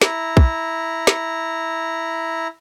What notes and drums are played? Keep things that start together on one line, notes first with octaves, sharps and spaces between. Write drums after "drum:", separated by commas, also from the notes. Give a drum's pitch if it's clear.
E4 A#5, drum: snare
drum: kick
drum: snare